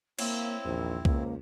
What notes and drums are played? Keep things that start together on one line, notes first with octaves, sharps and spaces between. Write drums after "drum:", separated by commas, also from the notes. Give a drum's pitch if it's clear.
A#3 C4 E4 C#5 F5, drum: cymbal
A#1 E2 D#3 C5
C#2 A#3, drum: kick C2